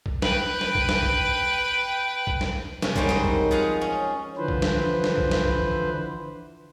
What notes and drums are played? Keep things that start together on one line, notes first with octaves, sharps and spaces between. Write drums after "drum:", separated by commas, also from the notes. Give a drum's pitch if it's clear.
drum: kick
B4 G5, drum: snare
drum: snare
drum: kick
drum: snare
drum: kick
drum: kick
drum: snare
C3 C#4, drum: snare
G3 G#3 A#3 C4 D#4 F#4, drum: kick
C5 D#5, drum: snare
drum: kick
F3 G#4 F5 F#5 G#5
C#4
D3 E3 F3 B4 C5
drum: kick
drum: snare
drum: snare
drum: kick
drum: snare
drum: kick